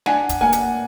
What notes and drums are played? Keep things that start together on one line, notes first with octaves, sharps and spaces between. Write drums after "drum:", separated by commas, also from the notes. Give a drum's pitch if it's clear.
D4 F#5 G#5, drum: snare
drum: kick, hi-hat
A#3 F#5 G#5
drum: hi-hat